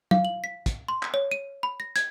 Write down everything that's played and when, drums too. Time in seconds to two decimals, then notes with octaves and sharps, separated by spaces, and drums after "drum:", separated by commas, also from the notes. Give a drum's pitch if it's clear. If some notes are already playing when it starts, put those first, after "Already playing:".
0.11 F5, drum: tom
0.25 F#7
0.44 B6
0.66 drum: kick, hi-hat
0.88 C6
1.03 drum: clap
1.14 C#5
1.31 D#7
1.63 B5
1.80 A#6
1.96 G#6, drum: hi-hat